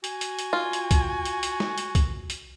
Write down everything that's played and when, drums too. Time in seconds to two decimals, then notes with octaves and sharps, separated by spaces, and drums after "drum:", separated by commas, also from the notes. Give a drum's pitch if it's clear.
0.04 F#4 G#5, drum: hi-hat
0.21 drum: hi-hat
0.39 drum: hi-hat
0.53 F4
0.73 drum: hi-hat
0.91 drum: kick B1, hi-hat
1.25 drum: hi-hat
1.43 drum: hi-hat
1.60 drum: snare
1.78 drum: hi-hat
1.95 drum: kick B1, hi-hat
2.30 drum: hi-hat